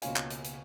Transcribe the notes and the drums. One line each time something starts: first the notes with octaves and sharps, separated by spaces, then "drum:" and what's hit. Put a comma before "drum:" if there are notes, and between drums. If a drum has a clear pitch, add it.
C#2 B2 A#3 C#4 F4 F5 G#5, drum: hi-hat
drum: clap
drum: hi-hat
drum: hi-hat